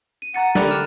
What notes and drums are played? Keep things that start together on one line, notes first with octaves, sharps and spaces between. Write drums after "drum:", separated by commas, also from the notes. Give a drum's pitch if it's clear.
D#7
F#5 A#5 A6 C#7
D3 G4 A4 A#4 B5 F#6 A6, drum: snare
F6 E7